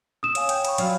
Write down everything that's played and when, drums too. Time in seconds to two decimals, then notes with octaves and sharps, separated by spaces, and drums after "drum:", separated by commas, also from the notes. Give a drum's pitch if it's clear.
0.23 D#6 E6 E7
0.35 C#5 F5 G#5, drum: hi-hat
0.49 G5 G6, drum: hi-hat
0.65 B5 C#6, drum: hi-hat
0.78 F#3 F4 D5 G#5 B5, drum: hi-hat